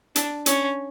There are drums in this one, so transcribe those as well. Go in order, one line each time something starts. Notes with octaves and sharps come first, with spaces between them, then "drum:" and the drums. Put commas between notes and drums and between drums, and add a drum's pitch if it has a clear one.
D4, drum: hi-hat
C#4, drum: hi-hat